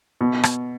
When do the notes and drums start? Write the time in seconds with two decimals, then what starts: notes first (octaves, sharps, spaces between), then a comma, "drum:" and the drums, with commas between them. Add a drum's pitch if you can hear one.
0.21 B2
0.43 drum: rim click